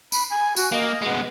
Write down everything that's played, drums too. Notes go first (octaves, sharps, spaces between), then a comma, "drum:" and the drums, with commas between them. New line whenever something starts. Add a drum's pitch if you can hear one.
B5, drum: tambourine
G#5
F#4, drum: tambourine
A#3 D#5
G#3 B3